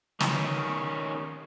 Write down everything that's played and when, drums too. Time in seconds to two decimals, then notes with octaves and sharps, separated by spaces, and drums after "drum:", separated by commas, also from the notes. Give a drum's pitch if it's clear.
0.20 D#3 C#4, drum: snare